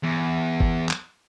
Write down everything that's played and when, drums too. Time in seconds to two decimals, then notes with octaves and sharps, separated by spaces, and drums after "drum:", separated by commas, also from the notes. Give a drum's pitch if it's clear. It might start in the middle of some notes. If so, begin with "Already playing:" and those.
0.03 E2
0.60 drum: kick G1
0.89 drum: clap